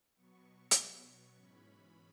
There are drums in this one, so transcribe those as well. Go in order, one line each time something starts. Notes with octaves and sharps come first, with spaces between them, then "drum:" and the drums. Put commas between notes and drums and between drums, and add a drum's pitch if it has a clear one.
B2 F#3 B3 C#6
drum: hi-hat
G#2 E3 C#4 B5